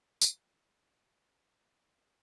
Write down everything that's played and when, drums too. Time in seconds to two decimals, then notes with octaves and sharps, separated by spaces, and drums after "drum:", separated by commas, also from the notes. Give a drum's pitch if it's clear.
0.21 D3 F3 D5, drum: tambourine
1.82 B3 D5